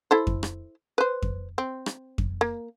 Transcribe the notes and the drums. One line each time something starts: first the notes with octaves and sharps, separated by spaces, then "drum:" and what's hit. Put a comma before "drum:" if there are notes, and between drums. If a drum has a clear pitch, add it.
E4 A4 C5
drum: kick F2
drum: rim click
B4 C5
drum: kick F2
C4
drum: rim click
drum: kick F2
A#3